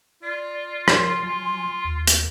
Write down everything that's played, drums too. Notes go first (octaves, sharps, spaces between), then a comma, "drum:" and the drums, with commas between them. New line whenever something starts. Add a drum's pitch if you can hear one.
F4 D5
A#4 C#5 C6, drum: rim click
F#3 F4 G#5
D#2
drum: hi-hat